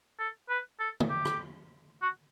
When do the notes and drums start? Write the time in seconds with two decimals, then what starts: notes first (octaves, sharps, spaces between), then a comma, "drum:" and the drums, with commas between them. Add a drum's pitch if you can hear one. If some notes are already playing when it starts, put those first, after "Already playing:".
0.19 A4
0.49 B4
0.80 A4
1.00 drum: tom
1.10 G4
1.25 drum: rim click
2.02 F#4